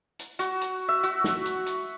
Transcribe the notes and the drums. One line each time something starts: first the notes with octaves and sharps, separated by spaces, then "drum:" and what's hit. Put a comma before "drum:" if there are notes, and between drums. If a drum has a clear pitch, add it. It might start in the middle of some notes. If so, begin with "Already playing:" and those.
drum: hi-hat
F#4, drum: hi-hat
drum: hi-hat
E5
F#4, drum: hi-hat
drum: snare
drum: hi-hat
drum: hi-hat